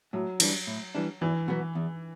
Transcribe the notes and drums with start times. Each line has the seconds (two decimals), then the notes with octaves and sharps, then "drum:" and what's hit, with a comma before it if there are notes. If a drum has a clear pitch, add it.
0.13 A2 F#3
0.40 E3 G3 D4, drum: cymbal
0.67 A2
0.95 E3 G3 D4
1.21 E2 E3
1.48 B2 F#3 B3
1.75 E2